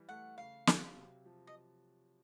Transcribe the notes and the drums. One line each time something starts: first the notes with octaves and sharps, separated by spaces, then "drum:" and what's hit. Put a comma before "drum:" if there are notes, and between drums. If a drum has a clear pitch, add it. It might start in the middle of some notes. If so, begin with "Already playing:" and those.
Already playing: E3 G3
A3 F#5
C#3 F5
F#3, drum: snare
C3
F3
D#5